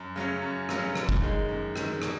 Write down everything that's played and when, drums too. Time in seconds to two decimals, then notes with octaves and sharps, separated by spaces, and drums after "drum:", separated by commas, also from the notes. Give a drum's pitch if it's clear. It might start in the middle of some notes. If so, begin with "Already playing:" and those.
Already playing: F#2
0.16 C#3 F#3 C#4
0.42 F#2
0.69 C#3 F#3 C#4, drum: rim click
0.95 F#2, drum: rim click
1.09 drum: kick F#1
1.22 D#3 G#3
1.49 F#2
1.76 D#3 G#3, drum: rim click
2.02 B2, drum: rim click